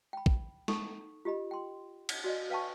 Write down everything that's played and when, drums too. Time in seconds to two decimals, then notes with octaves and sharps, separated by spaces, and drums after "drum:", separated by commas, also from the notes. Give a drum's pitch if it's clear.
0.13 G5 B5
0.26 drum: kick
0.68 D#4 A4 C#6 D#6, drum: snare
1.25 F4 G4 D#5 B5
1.51 G5 C6
2.09 drum: cymbal
2.24 F#4 D5 D#5
2.50 B4 F5 G5 A5 C#6